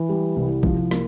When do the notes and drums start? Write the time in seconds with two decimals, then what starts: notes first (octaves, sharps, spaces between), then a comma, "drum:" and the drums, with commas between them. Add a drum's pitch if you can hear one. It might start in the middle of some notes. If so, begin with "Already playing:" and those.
Already playing: E3
0.09 G3
0.36 C2
0.63 F3, drum: kick
0.91 A#3, drum: rim click